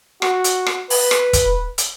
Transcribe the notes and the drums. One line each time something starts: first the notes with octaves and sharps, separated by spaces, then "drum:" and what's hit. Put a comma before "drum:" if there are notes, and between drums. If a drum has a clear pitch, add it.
F#4, drum: rim click
drum: hi-hat
drum: rim click
B4, drum: open hi-hat
drum: rim click
drum: kick, hi-hat
drum: hi-hat